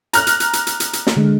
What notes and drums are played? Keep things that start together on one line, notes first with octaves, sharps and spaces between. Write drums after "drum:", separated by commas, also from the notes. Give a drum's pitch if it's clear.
A#5 F6 F#6, drum: hi-hat
drum: hi-hat
drum: hi-hat
drum: hi-hat
drum: hi-hat
drum: hi-hat
drum: hi-hat
drum: snare
D3 G#3